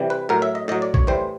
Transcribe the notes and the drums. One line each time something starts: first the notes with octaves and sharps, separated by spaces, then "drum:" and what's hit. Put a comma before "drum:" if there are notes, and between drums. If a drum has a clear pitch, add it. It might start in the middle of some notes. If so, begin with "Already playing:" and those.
Already playing: C3 E3 G3
B4
A2 F#3 A#4
E5
D#5
A2 F#3 D#5
D5
C#5, drum: kick
A2 E3 G3 C5